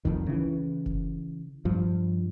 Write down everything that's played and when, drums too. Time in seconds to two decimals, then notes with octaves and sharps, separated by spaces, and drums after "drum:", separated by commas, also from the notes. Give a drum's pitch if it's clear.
0.05 F1 C2 F2 D#3, drum: kick F1
0.27 C#3 E3
0.86 drum: kick F1
1.65 G2 F3